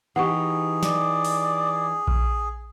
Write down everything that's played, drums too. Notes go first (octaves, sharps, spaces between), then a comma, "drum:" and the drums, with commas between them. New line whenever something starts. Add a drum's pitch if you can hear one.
E3 D#4 G4 G#4 F#5 C#6
D5, drum: snare
drum: open hi-hat
drum: kick A#1